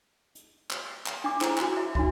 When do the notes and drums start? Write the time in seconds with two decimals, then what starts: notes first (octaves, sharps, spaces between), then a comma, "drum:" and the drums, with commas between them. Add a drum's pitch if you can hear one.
0.35 drum: hi-hat
0.71 drum: clap
1.06 drum: clap
1.24 D4 D6
1.41 E4 G#4 C5 G5 A#5, drum: clap
1.58 F#4 G#5, drum: clap
1.77 E5
1.95 D4 D#4 F#4 E5, drum: kick